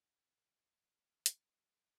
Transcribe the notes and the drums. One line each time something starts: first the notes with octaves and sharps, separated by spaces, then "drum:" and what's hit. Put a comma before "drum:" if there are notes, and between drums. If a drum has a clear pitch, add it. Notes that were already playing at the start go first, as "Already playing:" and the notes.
Already playing: E4
B3
A2 F5
B3 E5
E3
E2
A3, drum: hi-hat
E3
C2